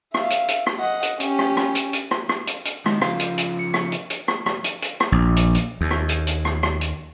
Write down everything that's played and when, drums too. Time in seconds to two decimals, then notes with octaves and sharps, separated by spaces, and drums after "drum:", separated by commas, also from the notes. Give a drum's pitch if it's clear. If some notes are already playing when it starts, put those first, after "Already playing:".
0.14 E5 F5, drum: rim click
0.30 drum: hi-hat
0.48 drum: hi-hat
0.66 drum: rim click
0.79 D#5 F#5
1.03 drum: hi-hat
1.20 C#4 G4, drum: hi-hat
1.39 drum: rim click
1.57 drum: rim click
1.75 drum: hi-hat
1.93 drum: hi-hat
2.11 drum: rim click
2.29 drum: rim click
2.47 drum: hi-hat
2.65 drum: hi-hat
2.86 D#3 G#3, drum: rim click
3.01 C#3 F3 F5, drum: rim click
3.20 drum: hi-hat
3.38 drum: hi-hat
3.59 C#7
3.74 drum: rim click
3.92 drum: hi-hat
4.10 drum: hi-hat
4.28 drum: rim click
4.46 drum: rim click
4.64 drum: hi-hat
4.82 drum: hi-hat
5.00 drum: rim click
5.12 A#1
5.36 drum: hi-hat
5.55 drum: hi-hat
5.81 D#2
5.91 drum: rim click
6.09 drum: hi-hat
6.27 drum: hi-hat
6.45 drum: rim click
6.63 drum: rim click
6.81 drum: hi-hat